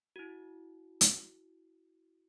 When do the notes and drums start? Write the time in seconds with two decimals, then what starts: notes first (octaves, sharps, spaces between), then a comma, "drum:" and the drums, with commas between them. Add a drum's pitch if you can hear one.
0.16 E4 F#4
1.01 drum: hi-hat